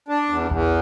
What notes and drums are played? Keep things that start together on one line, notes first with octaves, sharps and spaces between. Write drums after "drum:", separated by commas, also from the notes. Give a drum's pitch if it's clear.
D4
E2
E2, drum: kick A#1